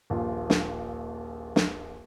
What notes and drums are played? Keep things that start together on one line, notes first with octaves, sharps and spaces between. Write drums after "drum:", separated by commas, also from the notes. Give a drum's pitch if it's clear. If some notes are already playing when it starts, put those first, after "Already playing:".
D#1 A#1 F4
drum: snare
drum: snare